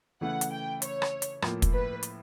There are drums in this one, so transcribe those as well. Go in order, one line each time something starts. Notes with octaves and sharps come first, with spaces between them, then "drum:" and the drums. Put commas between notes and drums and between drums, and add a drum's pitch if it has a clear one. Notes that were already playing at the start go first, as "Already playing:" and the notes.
C#3 E3 A3 F#5
drum: hi-hat
G5
C#5, drum: hi-hat
drum: rim click
drum: hi-hat
A2 F3 A#3, drum: rim click
drum: kick, hi-hat
B4
drum: hi-hat